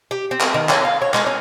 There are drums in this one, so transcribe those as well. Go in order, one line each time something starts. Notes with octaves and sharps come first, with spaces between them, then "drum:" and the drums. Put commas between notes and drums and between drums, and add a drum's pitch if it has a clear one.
G4
C4
drum: clap
D#3
C#4, drum: clap
F5
C#5
G#3, drum: clap
C#4